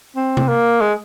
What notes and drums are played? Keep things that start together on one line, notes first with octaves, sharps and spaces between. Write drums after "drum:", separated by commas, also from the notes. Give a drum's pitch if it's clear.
C4
drum: tom C3
A#3
G#3